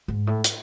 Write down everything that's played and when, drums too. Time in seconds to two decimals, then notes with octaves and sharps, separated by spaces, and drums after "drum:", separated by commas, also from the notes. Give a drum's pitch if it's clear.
0.08 G#2
0.27 A2
0.44 drum: hi-hat